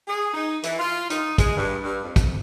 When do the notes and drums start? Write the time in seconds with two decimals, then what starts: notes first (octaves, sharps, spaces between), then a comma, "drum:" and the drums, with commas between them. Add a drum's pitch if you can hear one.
0.08 G#4
0.34 D#4
0.63 E3, drum: hi-hat
0.79 F4
1.10 D#4, drum: hi-hat
1.38 G#3, drum: kick, hi-hat
1.57 G2
1.84 G2
2.03 F2
2.16 drum: kick, hi-hat